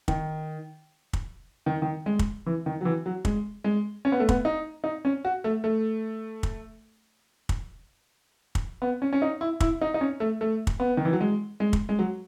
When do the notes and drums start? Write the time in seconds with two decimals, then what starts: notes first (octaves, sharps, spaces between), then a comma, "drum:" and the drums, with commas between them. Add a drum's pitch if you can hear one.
0.08 D#3, drum: kick
1.13 drum: kick
1.66 D#3
1.82 D#3
2.06 G#3
2.19 drum: kick
2.46 E3
2.66 D#3
2.81 F#3
2.85 E3
3.06 F#3
3.25 G#3, drum: kick
3.64 G#3
4.05 C#4
4.12 B3
4.20 A3
4.29 B3, drum: kick
4.45 D#4
4.84 D#4
5.05 C#4
5.25 F#4
5.44 A3
5.64 A3
6.43 drum: kick
7.49 drum: kick
8.55 drum: kick
8.82 B3
9.02 C#4
9.13 C#4
9.22 D#4
9.41 E4
9.60 E4, drum: kick
9.81 D#4
9.94 D#4
10.01 C#4
10.20 A3
10.41 A3
10.67 drum: kick
10.80 B3
10.97 D#3
11.05 E3
11.13 F#3
11.21 G#3
11.60 G#3
11.73 drum: kick
11.89 G#3
11.99 F#3